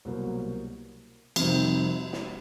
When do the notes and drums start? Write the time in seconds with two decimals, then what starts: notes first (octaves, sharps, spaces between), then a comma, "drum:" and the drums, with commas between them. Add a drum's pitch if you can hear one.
0.05 C2 B2 F#3 A#3
1.36 F2 C3 D#3 G3 C4, drum: cymbal
2.13 drum: snare